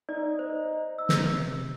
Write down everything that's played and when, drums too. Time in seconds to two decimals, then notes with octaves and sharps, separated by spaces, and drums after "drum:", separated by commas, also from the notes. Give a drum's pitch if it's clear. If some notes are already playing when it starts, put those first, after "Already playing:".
0.09 D#4 D5
0.39 C5
0.98 E6
1.09 drum: snare
1.32 C3